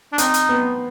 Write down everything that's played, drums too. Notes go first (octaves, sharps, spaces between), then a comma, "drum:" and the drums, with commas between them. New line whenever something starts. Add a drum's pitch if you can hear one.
D4
C4 D#4, drum: hi-hat
drum: hi-hat
B3